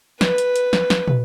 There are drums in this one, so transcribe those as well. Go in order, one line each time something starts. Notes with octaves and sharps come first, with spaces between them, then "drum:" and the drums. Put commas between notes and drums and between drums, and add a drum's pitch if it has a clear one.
B4, drum: snare
drum: hi-hat
drum: hi-hat
drum: snare
drum: snare
drum: tom